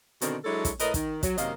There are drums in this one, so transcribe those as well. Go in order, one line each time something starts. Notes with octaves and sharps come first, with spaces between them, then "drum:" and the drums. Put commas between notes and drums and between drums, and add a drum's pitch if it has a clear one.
B2 D3 D#3 C4, drum: hi-hat
F#3 G#3 D4 E4 A4 C#5
drum: kick, hi-hat
A2 A#4 B4 D#5, drum: hi-hat
D#3, drum: kick, hi-hat
F#3, drum: kick, hi-hat
F#2 C3 D#3 A#3 D#5 F5, drum: hi-hat